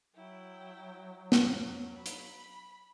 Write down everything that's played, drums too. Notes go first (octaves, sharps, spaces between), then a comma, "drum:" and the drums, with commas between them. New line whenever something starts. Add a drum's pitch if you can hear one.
F#3 E4 G5
drum: snare
B5
drum: hi-hat